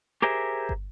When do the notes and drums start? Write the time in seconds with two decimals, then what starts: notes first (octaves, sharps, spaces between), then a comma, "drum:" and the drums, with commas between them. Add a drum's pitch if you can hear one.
0.22 G4 G#4 A#4 C5 E5
0.69 drum: kick